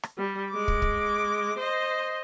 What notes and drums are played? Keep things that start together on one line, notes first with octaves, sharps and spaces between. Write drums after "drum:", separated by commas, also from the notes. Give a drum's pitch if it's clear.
drum: rim click
G3
G#3 D6
drum: kick
drum: kick
C5 D#5